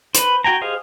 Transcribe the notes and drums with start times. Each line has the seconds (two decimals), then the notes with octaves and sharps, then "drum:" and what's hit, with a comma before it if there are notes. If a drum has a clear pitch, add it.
0.15 B4 C5, drum: hi-hat
0.44 F#4 G5 G#5 A#5
0.61 G4 G#4 C5 D#5 F5